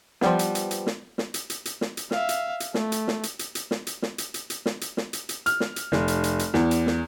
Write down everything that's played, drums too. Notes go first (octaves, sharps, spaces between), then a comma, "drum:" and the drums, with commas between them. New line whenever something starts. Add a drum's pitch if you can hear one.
F3 G3 B3, drum: snare
drum: hi-hat
drum: hi-hat
drum: hi-hat
drum: snare
drum: snare
drum: hi-hat
drum: hi-hat
drum: hi-hat
drum: snare
drum: hi-hat
E5 F5, drum: snare
drum: hi-hat
drum: hi-hat
A3, drum: snare
drum: hi-hat
drum: snare
drum: hi-hat
drum: hi-hat
drum: hi-hat
drum: snare
drum: hi-hat
drum: snare
drum: hi-hat
drum: hi-hat
drum: hi-hat
drum: snare
drum: hi-hat
drum: snare
drum: hi-hat
drum: hi-hat
F6, drum: hi-hat
drum: snare
drum: hi-hat
F1, drum: snare
drum: hi-hat
drum: hi-hat
drum: hi-hat
E2, drum: snare
drum: hi-hat
drum: snare